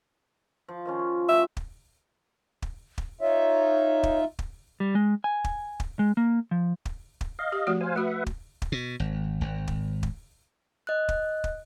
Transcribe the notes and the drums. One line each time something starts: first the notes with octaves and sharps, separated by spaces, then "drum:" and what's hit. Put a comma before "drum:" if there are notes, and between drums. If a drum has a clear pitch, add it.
F3
D#3 F3 C#4
F4
A2 F3 G4 E5
drum: kick
drum: kick
drum: kick
D#4 F4 C#5 E5
drum: kick
drum: kick
G3
G#3
G#5
drum: kick
drum: kick
G#3
A#3
F3
drum: kick
drum: kick
D#5 F5
G4
F3 A3 F#4
C5 F5 G#5
A3 F#4 B4 E5 F#5
drum: kick
drum: kick
B2
G#1
G#1
drum: kick
drum: kick
D#5 F#6
drum: kick
drum: kick